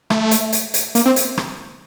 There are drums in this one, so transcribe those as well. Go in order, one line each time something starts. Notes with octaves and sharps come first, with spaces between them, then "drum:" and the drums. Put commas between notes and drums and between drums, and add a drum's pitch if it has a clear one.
A3, drum: rim click
drum: hi-hat
drum: hi-hat
drum: hi-hat
A#3, drum: hi-hat
C4
drum: hi-hat
drum: rim click